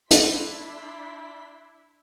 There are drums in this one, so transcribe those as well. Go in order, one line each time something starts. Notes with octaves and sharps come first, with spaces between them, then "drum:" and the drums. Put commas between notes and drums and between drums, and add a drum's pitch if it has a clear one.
D4 E4 C6 B6, drum: hi-hat